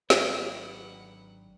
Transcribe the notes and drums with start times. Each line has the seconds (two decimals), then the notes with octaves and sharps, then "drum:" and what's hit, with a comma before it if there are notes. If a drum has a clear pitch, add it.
0.10 G#1 G#2 D3 F#3 G4 B4 D5 F#5, drum: snare